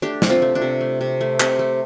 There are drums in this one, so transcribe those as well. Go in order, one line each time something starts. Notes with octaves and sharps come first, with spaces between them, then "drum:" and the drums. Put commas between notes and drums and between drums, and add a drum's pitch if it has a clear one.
A3 D4 G4
C3, drum: snare
C4 F4
A3
D4
C3
A3
C3
A3
C3, drum: clap
A3